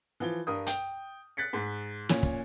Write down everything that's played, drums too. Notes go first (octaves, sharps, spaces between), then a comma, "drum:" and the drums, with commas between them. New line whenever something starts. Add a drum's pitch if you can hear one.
E3 F3 G7
G2 A#4 D#6
G5, drum: hi-hat
F#6 A6 B6 C#7
G#2
A#2 C#4, drum: snare
drum: kick